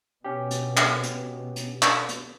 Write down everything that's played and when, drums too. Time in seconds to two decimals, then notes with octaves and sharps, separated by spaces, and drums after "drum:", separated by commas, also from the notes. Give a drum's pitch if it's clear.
0.24 B2 C#4 G4
0.51 drum: hi-hat
0.77 drum: clap
1.03 drum: hi-hat
1.56 drum: hi-hat
1.82 drum: clap
2.09 drum: hi-hat